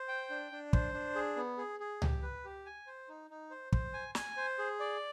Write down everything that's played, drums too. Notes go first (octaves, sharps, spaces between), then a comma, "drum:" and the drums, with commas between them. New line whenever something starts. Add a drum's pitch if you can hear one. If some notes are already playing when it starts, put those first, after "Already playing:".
Already playing: C5
G5
D4
D4
C5, drum: kick
D4
G#4
B3
G#4
G#4
G4, drum: tom C#2
B4
G4
G#5
C5
D#4
D#4
C5
C5, drum: kick
G#5
G#5, drum: snare
C5
G#4
D5